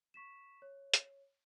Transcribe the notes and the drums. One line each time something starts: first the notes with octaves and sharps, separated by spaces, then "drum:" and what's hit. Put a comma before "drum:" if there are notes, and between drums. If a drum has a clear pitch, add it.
C#6 B6 E7
C#5
drum: hi-hat